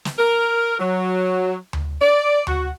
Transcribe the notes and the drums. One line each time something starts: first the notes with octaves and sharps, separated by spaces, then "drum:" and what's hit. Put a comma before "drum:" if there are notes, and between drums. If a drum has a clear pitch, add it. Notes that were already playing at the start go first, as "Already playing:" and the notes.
drum: snare
A#4
F#3
drum: tom D2
D5
F#4, drum: tom D2